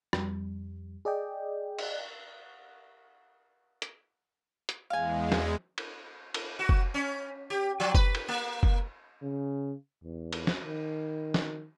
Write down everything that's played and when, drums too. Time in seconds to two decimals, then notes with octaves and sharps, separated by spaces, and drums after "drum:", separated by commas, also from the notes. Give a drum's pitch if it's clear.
0.13 F2 G3, drum: rim click
1.05 G#4 D5 D#5 G5
1.79 drum: cymbal
3.82 drum: hi-hat
4.69 drum: hi-hat
4.90 E2 G#3 F5 G#5
5.32 drum: snare
5.78 drum: cymbal
6.34 drum: cymbal
6.59 F#4
6.69 drum: kick F#1
6.94 C#4
7.50 G4
7.80 F3
7.95 B4, drum: kick F#1
8.15 drum: cymbal
8.28 A#3
8.63 drum: kick F#1
9.22 C#3
10.03 E2
10.33 drum: cymbal
10.47 drum: snare
10.63 D#3
11.34 drum: snare